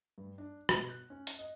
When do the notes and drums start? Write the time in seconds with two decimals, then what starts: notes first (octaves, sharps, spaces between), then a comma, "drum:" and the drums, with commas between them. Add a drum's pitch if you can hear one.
0.18 G2
0.38 D4
0.69 B2, drum: rim click
0.89 F#6
1.10 C#4
1.27 drum: hi-hat
1.39 D#5